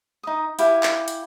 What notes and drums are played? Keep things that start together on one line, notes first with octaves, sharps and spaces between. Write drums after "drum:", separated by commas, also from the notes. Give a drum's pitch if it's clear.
D#4 D#6
E4 G4 F5 G#5, drum: hi-hat
drum: clap
drum: hi-hat